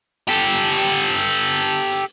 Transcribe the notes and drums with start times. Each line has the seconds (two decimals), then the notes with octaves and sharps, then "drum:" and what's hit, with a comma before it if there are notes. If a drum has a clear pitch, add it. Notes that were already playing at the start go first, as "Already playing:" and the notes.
0.28 G4 A4
0.46 drum: hi-hat
0.82 drum: hi-hat
1.01 drum: hi-hat
1.19 drum: hi-hat
1.55 drum: hi-hat
1.91 drum: hi-hat